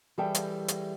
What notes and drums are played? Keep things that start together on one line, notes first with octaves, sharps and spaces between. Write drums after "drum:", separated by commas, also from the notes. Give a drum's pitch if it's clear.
E3 G3 G#4 A4 E5 G5
drum: hi-hat
drum: hi-hat